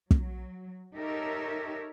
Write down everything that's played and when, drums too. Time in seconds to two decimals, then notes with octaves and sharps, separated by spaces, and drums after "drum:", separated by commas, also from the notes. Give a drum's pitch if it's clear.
0.11 F#3, drum: kick
0.95 D#4 G4 A4 A#4 C#5 E5